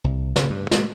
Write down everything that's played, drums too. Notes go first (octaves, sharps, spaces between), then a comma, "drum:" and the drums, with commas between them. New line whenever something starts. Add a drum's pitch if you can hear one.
C2
C#3, drum: snare
G2
G#3, drum: snare